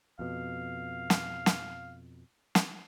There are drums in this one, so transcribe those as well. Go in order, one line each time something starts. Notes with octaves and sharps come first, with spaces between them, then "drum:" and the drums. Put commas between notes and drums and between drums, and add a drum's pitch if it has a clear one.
F2 B2 F5
drum: snare
drum: snare
drum: snare